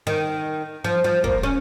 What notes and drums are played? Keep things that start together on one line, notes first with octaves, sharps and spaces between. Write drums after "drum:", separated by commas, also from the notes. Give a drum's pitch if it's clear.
D#3
F3
F3
A#3, drum: kick
C#4